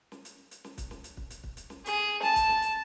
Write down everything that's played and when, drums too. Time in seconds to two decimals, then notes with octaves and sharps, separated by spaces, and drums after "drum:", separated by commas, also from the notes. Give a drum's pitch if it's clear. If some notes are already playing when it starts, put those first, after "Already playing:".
0.12 drum: snare
0.25 drum: hi-hat
0.51 drum: hi-hat
0.64 drum: snare
0.78 drum: kick, hi-hat
0.91 drum: snare
1.04 drum: hi-hat
1.17 drum: kick
1.30 drum: hi-hat
1.44 drum: kick
1.57 drum: hi-hat
1.70 drum: snare
1.86 G#4, drum: hi-hat
2.23 A5, drum: snare
2.36 drum: kick, hi-hat
2.49 drum: snare
2.62 drum: hi-hat